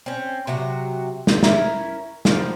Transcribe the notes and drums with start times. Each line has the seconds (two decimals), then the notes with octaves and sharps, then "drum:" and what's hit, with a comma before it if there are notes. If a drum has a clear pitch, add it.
0.06 C4 C#4
0.47 C3 F#3 F#4
1.27 drum: snare
1.43 C#4 E4 A#4, drum: snare
2.25 D3 D#3 F3 F#3, drum: snare